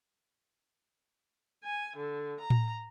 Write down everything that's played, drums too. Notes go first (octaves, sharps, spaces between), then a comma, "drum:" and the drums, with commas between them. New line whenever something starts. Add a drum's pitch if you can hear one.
G#5
D3
A#5
drum: tom A2